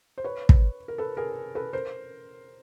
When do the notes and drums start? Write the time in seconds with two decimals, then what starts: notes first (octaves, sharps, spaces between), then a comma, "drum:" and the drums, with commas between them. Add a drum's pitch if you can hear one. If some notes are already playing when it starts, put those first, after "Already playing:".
0.18 C5
0.24 B4 C#5
0.49 drum: kick
0.88 A#4
0.98 A4 B4
1.17 G#4 A#4
1.55 A4 B4
1.73 A#4 C5